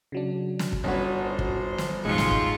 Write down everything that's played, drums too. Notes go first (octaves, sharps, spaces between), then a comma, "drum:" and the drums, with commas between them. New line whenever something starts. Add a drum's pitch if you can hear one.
C#3 F#3 D4
drum: snare
drum: kick
G1 C#4 D4 F#4 B4 C#5
C5
drum: kick
drum: snare
A1 F2 G#2 B2 G#3 F4 C#6 D#6
drum: snare
drum: kick